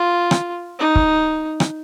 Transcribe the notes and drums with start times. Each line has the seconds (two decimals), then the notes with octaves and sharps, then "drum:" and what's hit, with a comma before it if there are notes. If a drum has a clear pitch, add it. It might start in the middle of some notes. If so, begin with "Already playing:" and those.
Already playing: F4
0.31 drum: rim click
0.79 D#4
0.95 drum: kick
1.60 drum: rim click